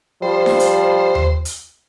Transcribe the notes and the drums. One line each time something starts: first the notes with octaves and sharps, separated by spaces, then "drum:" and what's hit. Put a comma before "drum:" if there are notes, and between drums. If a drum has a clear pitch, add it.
F3 G3 C5
drum: snare D#4
drum: hi-hat
drum: tom D#2
drum: hi-hat